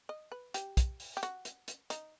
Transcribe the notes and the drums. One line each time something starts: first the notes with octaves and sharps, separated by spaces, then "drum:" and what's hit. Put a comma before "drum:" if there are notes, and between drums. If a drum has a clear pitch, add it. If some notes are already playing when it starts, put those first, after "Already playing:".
D#5
B4
G4, drum: hi-hat
drum: kick, hi-hat
drum: open hi-hat
G4
F#4, drum: hi-hat
drum: hi-hat
drum: hi-hat
D#4, drum: hi-hat